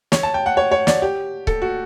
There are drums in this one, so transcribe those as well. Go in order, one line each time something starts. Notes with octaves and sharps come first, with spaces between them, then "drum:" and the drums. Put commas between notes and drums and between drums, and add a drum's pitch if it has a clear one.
C#5, drum: snare
A5
G5
F#5
C#5
C#5
D5, drum: snare
G4
A4, drum: kick C#1
F#4